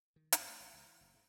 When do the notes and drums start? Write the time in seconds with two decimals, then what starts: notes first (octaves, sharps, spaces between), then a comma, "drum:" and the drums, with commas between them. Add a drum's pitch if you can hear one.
0.16 D#3
0.32 E2, drum: hi-hat
0.48 A3
0.60 A1
0.73 C#2
0.85 E3
1.01 F#1
1.14 G#2